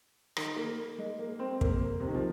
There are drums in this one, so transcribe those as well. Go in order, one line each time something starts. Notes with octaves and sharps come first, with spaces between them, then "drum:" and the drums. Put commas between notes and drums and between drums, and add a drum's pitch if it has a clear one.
D#3, drum: rim click
A#3
G#3
A#3
C4
A#3, drum: kick
C3
D#3
F3